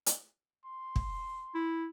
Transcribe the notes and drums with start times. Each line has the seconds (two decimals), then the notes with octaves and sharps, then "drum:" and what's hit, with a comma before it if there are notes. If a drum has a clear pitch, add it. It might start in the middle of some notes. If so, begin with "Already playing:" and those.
0.06 drum: hi-hat
0.65 C6
0.96 drum: kick
1.55 E4